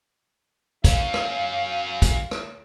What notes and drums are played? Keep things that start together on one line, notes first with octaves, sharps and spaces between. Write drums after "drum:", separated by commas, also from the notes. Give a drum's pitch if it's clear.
F#3 C#4 F5, drum: kick, hi-hat
drum: rim click
drum: kick, hi-hat
drum: rim click